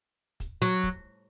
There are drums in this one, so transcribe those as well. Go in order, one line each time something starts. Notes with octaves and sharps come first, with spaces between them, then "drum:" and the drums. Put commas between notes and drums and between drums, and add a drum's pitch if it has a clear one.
drum: kick, hi-hat
F#3, drum: hi-hat
drum: kick, hi-hat